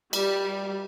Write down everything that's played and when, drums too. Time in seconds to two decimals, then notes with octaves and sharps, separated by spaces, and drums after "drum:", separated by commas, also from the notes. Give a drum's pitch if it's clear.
0.13 G3, drum: cymbal